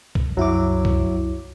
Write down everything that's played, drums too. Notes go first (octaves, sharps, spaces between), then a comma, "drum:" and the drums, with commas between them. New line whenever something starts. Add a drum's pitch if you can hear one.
drum: kick B1
C2 F#2 F#3 E4 D6
drum: kick B1